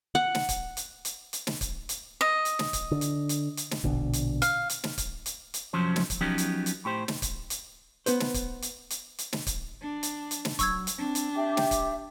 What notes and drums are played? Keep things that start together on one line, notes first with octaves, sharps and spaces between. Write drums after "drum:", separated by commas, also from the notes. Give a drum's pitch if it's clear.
F#5
drum: snare
drum: kick, hi-hat
drum: hi-hat
drum: hi-hat
drum: hi-hat
drum: snare
drum: kick, hi-hat
drum: hi-hat
D#5
drum: hi-hat
drum: snare
drum: kick, hi-hat
D3
drum: hi-hat
drum: hi-hat
drum: hi-hat
drum: snare
A#1 B2 D3, drum: kick
drum: hi-hat
F5, drum: hi-hat
drum: hi-hat
drum: snare
drum: kick, hi-hat
drum: hi-hat
drum: hi-hat
C2 F2 F3 F#3 C#4 C5
drum: snare
drum: kick, hi-hat
F3 F#3 B3 C#4 D#4 G4
drum: hi-hat
drum: hi-hat
A2 G4 C5
drum: snare
drum: kick, hi-hat
drum: hi-hat
B3 B4 C5, drum: hi-hat
drum: snare
drum: kick, hi-hat
drum: hi-hat
drum: hi-hat
drum: hi-hat
drum: snare
drum: kick, hi-hat
D4
drum: hi-hat
drum: hi-hat
drum: snare
F#3 C#6 E6 G#6, drum: kick, hi-hat
drum: hi-hat
C4 D4
drum: hi-hat
G4 E5
drum: snare
drum: kick, hi-hat